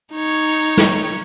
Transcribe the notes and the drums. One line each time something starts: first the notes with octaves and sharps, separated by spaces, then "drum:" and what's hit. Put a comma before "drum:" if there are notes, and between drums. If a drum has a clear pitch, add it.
D#4 C#5
drum: snare